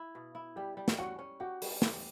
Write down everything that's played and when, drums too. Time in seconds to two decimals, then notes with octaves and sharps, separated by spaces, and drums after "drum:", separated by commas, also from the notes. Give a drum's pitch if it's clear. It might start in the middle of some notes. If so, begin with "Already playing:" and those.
Already playing: E4
0.15 B2
0.35 E4
0.56 G3 G4 G5
0.77 G3
0.88 drum: snare
0.98 C#4 F#4 F#5
1.19 C#4
1.40 F#4 G4 F#5
1.62 G3, drum: open hi-hat
1.82 G4, drum: snare